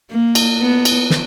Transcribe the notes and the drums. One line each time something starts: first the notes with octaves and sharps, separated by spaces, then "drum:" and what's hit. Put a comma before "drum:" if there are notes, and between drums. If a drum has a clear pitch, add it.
A#3
drum: cymbal
B3
drum: cymbal
drum: snare